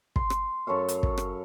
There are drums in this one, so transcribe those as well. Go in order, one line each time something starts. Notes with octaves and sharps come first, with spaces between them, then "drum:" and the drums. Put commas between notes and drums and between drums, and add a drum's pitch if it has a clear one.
C6, drum: kick
drum: rim click
F#2 A4 C#5 F5
drum: hi-hat
drum: kick
drum: rim click